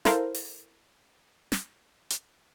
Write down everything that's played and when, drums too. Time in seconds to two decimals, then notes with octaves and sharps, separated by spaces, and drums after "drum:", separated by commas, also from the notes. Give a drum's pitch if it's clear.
0.05 E4 A4 A#4 C5 F5, drum: snare
0.34 drum: open hi-hat
1.52 drum: snare
2.10 drum: hi-hat